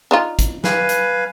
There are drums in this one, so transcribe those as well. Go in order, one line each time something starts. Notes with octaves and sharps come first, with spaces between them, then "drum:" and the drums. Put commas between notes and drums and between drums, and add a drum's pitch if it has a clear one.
D4 D#4 F4
drum: kick G#1, hi-hat
B4 F5 G#5, drum: snare
drum: hi-hat